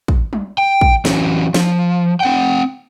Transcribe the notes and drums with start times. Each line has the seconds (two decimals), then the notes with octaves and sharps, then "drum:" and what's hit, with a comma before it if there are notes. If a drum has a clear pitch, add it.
0.08 drum: kick
0.33 drum: tom F#3
0.58 G5
0.81 drum: kick
1.05 E3 F#3 C#4, drum: snare
1.54 F3, drum: snare
2.20 C4 F#5 G5